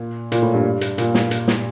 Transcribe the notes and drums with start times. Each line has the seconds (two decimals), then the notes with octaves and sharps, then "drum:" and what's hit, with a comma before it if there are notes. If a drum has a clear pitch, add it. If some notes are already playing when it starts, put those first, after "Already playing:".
Already playing: A#2
0.32 A#2, drum: hi-hat
0.42 A2
0.54 G2
0.81 drum: hi-hat
0.98 A#2, drum: hi-hat
1.14 drum: snare
1.31 drum: hi-hat
1.48 drum: snare